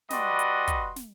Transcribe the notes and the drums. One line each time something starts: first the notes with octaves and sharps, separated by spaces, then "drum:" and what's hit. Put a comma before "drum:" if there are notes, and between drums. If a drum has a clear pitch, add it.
G3 F#4 B4 D5 D#5 C6, drum: snare
drum: hi-hat
drum: kick, hi-hat
drum: snare